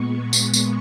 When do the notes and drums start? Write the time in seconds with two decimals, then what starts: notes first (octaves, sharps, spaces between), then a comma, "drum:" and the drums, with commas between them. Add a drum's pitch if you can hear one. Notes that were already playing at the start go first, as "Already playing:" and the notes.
Already playing: A#2 G#3 B3 C#6
0.33 drum: tambourine
0.54 drum: tambourine